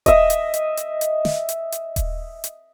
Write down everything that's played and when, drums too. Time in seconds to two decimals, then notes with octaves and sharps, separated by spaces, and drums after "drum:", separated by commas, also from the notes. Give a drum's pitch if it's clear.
0.06 D#5 E5, drum: kick D#1, hi-hat
0.30 drum: hi-hat
0.54 drum: hi-hat
0.77 drum: hi-hat
1.01 drum: hi-hat
1.25 drum: snare
1.49 drum: hi-hat
1.72 drum: hi-hat
1.96 drum: kick D#1, hi-hat
2.44 drum: hi-hat